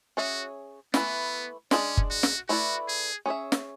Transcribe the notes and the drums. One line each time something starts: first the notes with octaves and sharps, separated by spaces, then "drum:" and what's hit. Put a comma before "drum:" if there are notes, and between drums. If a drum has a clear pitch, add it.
C#4 F#4 G#4 C#5 E5
E3 A3 B3 E4 B4, drum: snare
G#3 C#4 D4 G#4 B4 D5, drum: snare
drum: kick F#1
F#4
drum: snare
A3 E4 F#4 B4 D5
G#4
C#4 G#4 C#5 E5
drum: snare